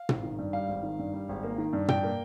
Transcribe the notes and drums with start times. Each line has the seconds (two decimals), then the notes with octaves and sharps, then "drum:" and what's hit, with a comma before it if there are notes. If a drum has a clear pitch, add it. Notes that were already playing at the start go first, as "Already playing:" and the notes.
Already playing: F5
0.09 G#1, drum: tom
0.24 D#3
0.39 G2
0.53 G3 F5
0.68 G#1
0.83 D#3
0.99 G2
1.13 G3
1.29 G#1
1.43 A#3
1.58 D#3
1.73 G2
1.88 G2 G5, drum: tom
2.03 A#3